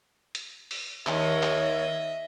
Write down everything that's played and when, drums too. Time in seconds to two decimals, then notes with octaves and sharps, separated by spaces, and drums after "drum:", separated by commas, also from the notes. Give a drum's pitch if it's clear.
0.35 drum: hi-hat
0.71 drum: open hi-hat
1.07 D#2 C#5 D#5 E5, drum: clap
1.43 drum: clap